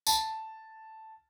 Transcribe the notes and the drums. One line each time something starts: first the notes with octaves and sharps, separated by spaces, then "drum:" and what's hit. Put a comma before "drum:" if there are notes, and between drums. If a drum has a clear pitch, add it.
A5, drum: tambourine